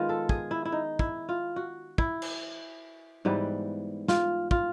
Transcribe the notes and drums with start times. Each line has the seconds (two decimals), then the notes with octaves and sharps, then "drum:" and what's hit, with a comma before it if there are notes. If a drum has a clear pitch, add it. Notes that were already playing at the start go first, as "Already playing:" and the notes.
Already playing: D#3 G#3 B3 F4
0.09 A4
0.29 G#4, drum: kick
0.51 E4
0.65 E4
0.72 D#4
0.99 E4, drum: kick
1.29 F4
1.56 F#4
1.98 E4, drum: kick
2.22 drum: cymbal
3.25 G#2 E3 G3 B3
4.08 F4, drum: snare
4.51 F4, drum: kick